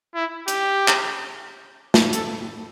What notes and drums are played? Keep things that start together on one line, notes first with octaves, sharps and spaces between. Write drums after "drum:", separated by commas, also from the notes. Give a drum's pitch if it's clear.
E4
G4, drum: hi-hat
drum: clap
drum: snare
A4, drum: hi-hat